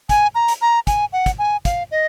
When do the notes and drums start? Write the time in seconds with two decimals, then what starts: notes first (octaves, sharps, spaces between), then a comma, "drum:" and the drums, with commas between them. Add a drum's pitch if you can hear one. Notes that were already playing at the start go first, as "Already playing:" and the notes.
0.09 G#5, drum: kick, hi-hat
0.35 A#5
0.48 drum: hi-hat
0.61 A#5
0.87 G#5, drum: kick, hi-hat
1.13 F#5
1.26 drum: kick, hi-hat
1.39 G#5
1.65 F5, drum: kick, hi-hat
1.91 D#5